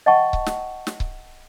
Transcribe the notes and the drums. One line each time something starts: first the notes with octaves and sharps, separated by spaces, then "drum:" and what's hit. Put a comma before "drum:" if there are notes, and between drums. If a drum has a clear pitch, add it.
D#5 F#5 G5 A5 C#6
drum: kick C#1
drum: snare
drum: snare
drum: kick C#1